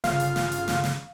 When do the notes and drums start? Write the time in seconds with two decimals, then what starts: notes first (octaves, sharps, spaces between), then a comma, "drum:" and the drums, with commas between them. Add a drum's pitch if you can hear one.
0.04 G1 C#3 F4 F5, drum: snare
0.20 drum: hi-hat
0.36 drum: snare
0.52 drum: hi-hat
0.68 drum: snare
0.83 drum: snare